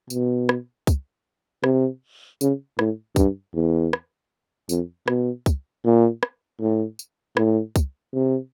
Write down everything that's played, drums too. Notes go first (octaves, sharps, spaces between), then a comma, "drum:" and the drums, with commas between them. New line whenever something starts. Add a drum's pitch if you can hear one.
B2, drum: tambourine
drum: rim click
drum: kick, tambourine
C3, drum: rim click
C#3, drum: tambourine
A2, drum: rim click
G2, drum: kick, tambourine
E2
drum: rim click
F2, drum: tambourine
B2, drum: rim click
drum: kick, tambourine
A#2
drum: rim click
A2
drum: tambourine
A2, drum: rim click
drum: kick, tambourine
C3